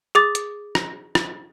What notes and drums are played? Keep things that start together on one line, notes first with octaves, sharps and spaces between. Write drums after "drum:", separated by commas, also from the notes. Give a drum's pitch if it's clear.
G#4 D6 A6
drum: hi-hat
drum: rim click
drum: rim click